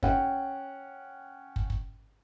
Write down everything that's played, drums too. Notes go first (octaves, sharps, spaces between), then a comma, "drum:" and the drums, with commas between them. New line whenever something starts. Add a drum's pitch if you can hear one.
C#4 F#5 G5, drum: kick
drum: kick
drum: kick